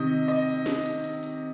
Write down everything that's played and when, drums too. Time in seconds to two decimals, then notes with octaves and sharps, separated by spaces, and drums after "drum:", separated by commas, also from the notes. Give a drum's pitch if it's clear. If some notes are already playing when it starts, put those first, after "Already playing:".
Already playing: C3 D#3 D#5
0.28 D#5, drum: open hi-hat
0.47 drum: open hi-hat
0.66 drum: snare
0.85 drum: hi-hat
1.04 drum: hi-hat
1.23 drum: hi-hat